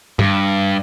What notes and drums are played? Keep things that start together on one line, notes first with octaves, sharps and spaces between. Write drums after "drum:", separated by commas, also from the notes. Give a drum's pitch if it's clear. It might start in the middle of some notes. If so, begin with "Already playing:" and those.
G2, drum: tom G2